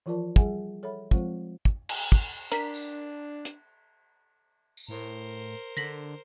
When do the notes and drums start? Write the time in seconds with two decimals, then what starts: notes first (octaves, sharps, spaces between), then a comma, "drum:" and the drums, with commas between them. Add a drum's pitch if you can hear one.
0.06 E3 F3 F4 A#4 D5 A5
0.36 G3 G#4 F#5 G#5, drum: kick
0.83 A4 C#5 E5 F#5 B5
1.11 F3 G#3 C4 F4 C5 F#5, drum: kick
1.65 drum: kick
1.89 drum: cymbal
2.12 drum: kick
2.52 D4 A#4 B6, drum: hi-hat
2.74 drum: tambourine
3.45 drum: hi-hat
4.77 drum: tambourine
4.88 A2 A#4 C5
5.77 D3 A#6 B6 F#7